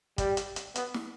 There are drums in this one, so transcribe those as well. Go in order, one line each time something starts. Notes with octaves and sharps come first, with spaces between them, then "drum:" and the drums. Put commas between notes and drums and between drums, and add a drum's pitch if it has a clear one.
G3, drum: kick, hi-hat
drum: hi-hat
drum: hi-hat
B3, drum: hi-hat
drum: snare